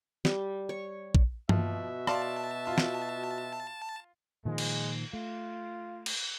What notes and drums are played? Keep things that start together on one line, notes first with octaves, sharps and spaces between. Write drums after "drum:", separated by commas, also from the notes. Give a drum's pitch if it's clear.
G3, drum: snare
C#5
drum: kick
B2 F3 F#4 E5, drum: tom G2
D5 F5 A5 C6, drum: rim click
F4
drum: snare
A#2 D#3 F3 G#3
drum: cymbal
A3 F4
drum: cymbal